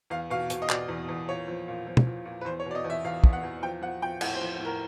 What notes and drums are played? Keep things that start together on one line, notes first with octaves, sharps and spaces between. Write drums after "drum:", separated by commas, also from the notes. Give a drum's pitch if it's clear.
E2 F5
B2 F5
B2, drum: hi-hat
D#5
B2 D5, drum: clap
E2
E2
A#2 C#5
F3
A#2
F3
drum: tom
F3
A#2
B4
E2 C5
C#5
B2
D5
D#5
E2
E5
E2 F5
E2, drum: kick
F#5
E2
F3 G5
F3 F#5
F3 G5
A2 F#5, drum: cymbal
C5
F3
A2 A#4